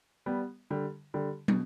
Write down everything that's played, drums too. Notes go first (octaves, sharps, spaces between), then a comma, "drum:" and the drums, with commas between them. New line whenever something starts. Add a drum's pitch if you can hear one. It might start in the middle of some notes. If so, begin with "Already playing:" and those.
G3 B3
D3 G3
D3 G3
B2, drum: tom